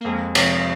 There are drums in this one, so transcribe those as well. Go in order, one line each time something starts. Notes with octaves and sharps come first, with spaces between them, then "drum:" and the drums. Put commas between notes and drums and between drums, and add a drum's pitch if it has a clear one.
A#3
F2 G#3
C3 F3, drum: cymbal